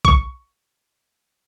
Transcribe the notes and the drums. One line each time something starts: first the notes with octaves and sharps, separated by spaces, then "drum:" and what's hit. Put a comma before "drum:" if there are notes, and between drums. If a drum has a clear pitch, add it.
C#6, drum: kick